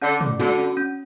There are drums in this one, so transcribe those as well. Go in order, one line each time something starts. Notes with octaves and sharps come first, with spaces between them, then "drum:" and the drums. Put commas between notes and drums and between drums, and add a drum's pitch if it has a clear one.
D3 C#4
A3, drum: tom
D3 F#4, drum: snare
C#4
C#4